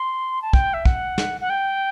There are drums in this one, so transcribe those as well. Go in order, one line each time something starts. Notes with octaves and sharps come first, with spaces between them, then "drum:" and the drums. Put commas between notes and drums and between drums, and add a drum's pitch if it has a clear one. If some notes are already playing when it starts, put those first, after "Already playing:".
Already playing: C6
A5
G5, drum: kick
E5
F#5, drum: kick
drum: snare
F#5
G5